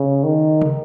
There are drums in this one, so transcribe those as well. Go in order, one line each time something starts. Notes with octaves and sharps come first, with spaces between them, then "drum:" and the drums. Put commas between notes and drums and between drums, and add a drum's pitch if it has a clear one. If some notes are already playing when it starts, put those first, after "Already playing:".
Already playing: C#3
D#3
drum: tom C3